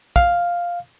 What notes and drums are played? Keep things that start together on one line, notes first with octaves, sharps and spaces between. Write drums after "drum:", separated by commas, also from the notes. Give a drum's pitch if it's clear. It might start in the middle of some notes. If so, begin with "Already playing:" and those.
F5, drum: kick